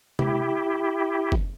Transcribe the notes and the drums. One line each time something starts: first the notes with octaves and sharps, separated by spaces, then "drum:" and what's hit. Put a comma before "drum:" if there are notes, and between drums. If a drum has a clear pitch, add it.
E4 G4, drum: tom C3
drum: kick F#1